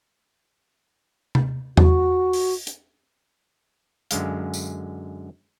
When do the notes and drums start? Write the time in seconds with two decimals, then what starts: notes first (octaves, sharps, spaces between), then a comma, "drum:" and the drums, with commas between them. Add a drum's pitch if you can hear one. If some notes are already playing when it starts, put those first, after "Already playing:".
1.35 drum: tom C3
1.77 F#4, drum: tom E2
2.33 drum: open hi-hat
2.67 drum: hi-hat
4.11 F#2 D3 G#3 F5, drum: hi-hat
4.54 drum: tambourine